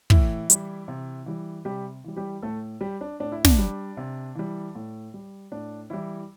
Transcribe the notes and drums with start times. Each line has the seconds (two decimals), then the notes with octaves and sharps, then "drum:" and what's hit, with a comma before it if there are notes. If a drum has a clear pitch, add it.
0.10 A2 E3 E4, drum: kick
0.50 G3, drum: hi-hat
0.88 C3
1.26 E3 G3
1.65 C3 G3 G4
2.04 E3 G3
2.16 G3 G4
2.42 A2 A3 A4
2.81 G3 G4
3.01 D4
3.20 A2 D4
3.32 E4
3.45 D4, drum: snare
3.58 G3
3.97 C3
4.35 E3 G3
4.75 A2
5.14 G3
5.52 A2 D4
5.90 E3 G3 E4